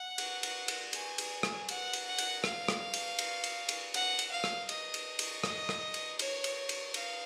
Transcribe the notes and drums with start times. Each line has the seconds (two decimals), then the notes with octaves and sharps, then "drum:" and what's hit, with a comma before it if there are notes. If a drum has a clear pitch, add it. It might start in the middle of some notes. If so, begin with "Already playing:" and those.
Already playing: F#5
0.18 drum: cymbal
0.43 drum: cymbal
0.68 drum: cymbal
0.93 G#5, drum: cymbal
1.18 drum: cymbal
1.43 drum: rim click
1.69 F#5, drum: cymbal
1.93 drum: cymbal
2.06 F#5
2.18 drum: cymbal
2.44 F5, drum: rim click
2.68 drum: rim click
2.94 drum: cymbal
3.19 drum: cymbal
3.44 drum: cymbal
3.69 drum: cymbal
3.94 F#5, drum: cymbal
4.19 drum: cymbal
4.31 F5
4.44 drum: rim click
4.69 D#5, drum: cymbal
4.94 drum: cymbal
5.19 drum: cymbal
5.44 D#5, drum: rim click
5.69 drum: rim click
5.94 drum: cymbal
6.19 C#5, drum: cymbal
6.44 drum: cymbal
6.69 drum: cymbal
6.94 F5, drum: cymbal